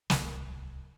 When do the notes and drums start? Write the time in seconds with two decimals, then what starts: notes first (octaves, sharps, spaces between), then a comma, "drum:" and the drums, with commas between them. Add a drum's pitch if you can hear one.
0.10 D1 C2, drum: snare